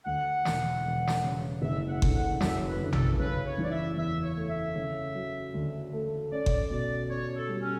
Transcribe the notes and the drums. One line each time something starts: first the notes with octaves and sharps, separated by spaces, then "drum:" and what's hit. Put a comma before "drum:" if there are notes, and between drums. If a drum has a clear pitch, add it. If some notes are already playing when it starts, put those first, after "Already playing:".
D2 F#5
E1, drum: snare
E1
drum: snare
C#3
F#1 E5
F#5
D3, drum: kick G1
F#5
F#2 E5, drum: snare
B4
D3
A4, drum: tom A#1
C#3 B4
C#5
E3
D5
E5
E2 E5
C#5
A3
E5
C#3
F#3
D2
A3
C#4 D5
drum: kick G1
B2 D5
C#4 C#5
A4
G3
C#4